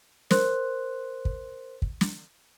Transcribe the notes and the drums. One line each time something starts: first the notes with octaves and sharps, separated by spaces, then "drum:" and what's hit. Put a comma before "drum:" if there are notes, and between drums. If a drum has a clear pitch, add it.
A#4 C5 C6 F#6, drum: snare
drum: kick
drum: kick
drum: snare